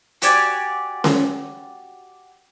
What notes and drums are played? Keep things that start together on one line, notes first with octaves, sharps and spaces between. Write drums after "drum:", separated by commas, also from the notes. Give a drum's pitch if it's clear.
F#4 G4 D5 G#5, drum: hi-hat
drum: snare C#4